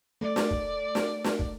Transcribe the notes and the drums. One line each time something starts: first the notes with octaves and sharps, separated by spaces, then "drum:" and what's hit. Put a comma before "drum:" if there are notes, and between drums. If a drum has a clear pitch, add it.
A3 D5
drum: snare
drum: kick
drum: snare
drum: snare
drum: kick